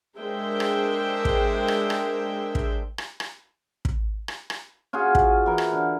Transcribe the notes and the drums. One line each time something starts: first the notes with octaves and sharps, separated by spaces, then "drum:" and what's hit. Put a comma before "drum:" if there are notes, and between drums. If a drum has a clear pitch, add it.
G#3 D4 A#4 C5 E5 G5
drum: rim click
drum: kick
drum: rim click
drum: rim click
drum: kick
drum: rim click
drum: rim click
drum: kick
drum: rim click
drum: rim click
C#4 F4 F#4 G#4
drum: kick
E3 A#4
drum: rim click
D3